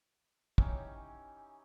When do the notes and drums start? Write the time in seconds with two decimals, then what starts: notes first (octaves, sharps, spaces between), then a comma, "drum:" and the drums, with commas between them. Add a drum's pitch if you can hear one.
0.58 E3 C#4 D#4 G4, drum: kick